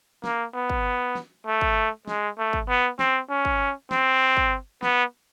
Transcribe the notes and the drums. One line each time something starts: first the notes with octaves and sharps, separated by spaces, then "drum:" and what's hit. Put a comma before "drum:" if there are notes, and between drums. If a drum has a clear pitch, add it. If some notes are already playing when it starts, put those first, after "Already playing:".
A#3, drum: snare
B3
drum: kick
drum: snare
A3
drum: kick
G#3, drum: snare
A3
drum: kick
B3
C4, drum: snare
C#4
drum: kick
C4, drum: snare
drum: kick
B3, drum: snare